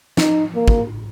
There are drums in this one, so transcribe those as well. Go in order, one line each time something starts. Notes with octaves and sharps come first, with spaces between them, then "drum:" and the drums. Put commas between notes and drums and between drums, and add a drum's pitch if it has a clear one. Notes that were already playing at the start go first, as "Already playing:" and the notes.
D#4, drum: snare
A#3
drum: kick